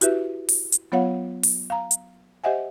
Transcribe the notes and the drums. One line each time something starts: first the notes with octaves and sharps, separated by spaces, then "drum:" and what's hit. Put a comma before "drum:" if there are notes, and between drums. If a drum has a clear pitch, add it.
E4 F#4 G4 B4 E5, drum: hi-hat
drum: open hi-hat
drum: hi-hat
F#3 B3 F4 C#5 F5 F#5
drum: open hi-hat
F5 A#5
drum: hi-hat
G4 C5 D#5 E5 F#5 G#5